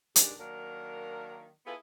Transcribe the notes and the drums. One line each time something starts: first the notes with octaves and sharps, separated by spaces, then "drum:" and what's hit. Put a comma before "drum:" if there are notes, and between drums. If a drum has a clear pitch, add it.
G2 D#3 G3 G#3 D4, drum: hi-hat
D#3 F#3 A#3 D4 A#4
B3 E4 F4 G#4 A4 B4